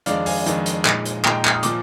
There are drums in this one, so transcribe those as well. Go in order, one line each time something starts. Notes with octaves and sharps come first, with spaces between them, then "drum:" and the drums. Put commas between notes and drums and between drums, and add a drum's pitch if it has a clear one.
F2 D#3 G#3 D4 D5 F5, drum: hi-hat
F5 G#5, drum: open hi-hat
F2 D#3 G#3 D4, drum: hi-hat
drum: hi-hat
A#2 G#3 D#4, drum: clap
drum: hi-hat
A#2 G#3 D#4 G5 A#5, drum: clap
F6, drum: clap
D#6
A#2 F3 D6, drum: hi-hat